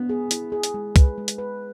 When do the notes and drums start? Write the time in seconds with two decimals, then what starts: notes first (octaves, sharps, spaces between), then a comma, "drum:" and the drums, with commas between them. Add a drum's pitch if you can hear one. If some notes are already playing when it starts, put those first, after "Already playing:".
Already playing: B3
0.09 G#4
0.31 E4, drum: hi-hat
0.52 G#4
0.63 drum: hi-hat
0.74 G#3
0.96 B4, drum: kick, hi-hat
1.18 G#3
1.28 drum: hi-hat
1.38 B4